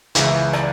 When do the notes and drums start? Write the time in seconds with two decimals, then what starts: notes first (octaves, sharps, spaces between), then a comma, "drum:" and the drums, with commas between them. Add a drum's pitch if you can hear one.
0.15 C#2 C#3 E3 E5, drum: hi-hat
0.53 D5, drum: rim click